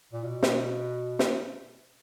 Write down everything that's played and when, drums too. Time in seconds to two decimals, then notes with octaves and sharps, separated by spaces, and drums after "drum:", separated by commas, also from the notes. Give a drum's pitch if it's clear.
0.13 A#2
0.24 B2
0.43 drum: snare
1.19 drum: snare